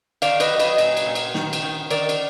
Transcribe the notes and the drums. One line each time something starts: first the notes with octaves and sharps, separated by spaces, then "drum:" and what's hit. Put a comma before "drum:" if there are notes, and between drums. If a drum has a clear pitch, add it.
D#3 D5 F5, drum: cymbal
B4 D#5, drum: cymbal
F#3
B4 D#5, drum: cymbal
A#2, drum: cymbal
drum: cymbal
A#2
drum: cymbal
D#3, drum: snare
drum: cymbal
D#3
D#3 A#4 D5, drum: cymbal
drum: cymbal